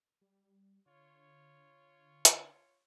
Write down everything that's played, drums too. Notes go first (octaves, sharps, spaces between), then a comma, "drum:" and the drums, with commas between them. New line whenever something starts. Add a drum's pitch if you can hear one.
G3
D3 F4 C#5
drum: hi-hat